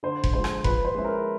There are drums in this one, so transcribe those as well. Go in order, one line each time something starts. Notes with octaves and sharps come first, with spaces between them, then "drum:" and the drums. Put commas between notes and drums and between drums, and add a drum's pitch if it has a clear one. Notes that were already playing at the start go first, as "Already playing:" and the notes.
D3 C5
drum: kick F1
F3 G#3 C5
drum: rim click
F3 B4, drum: kick F1
C5
G#3 C#4 E4
A#4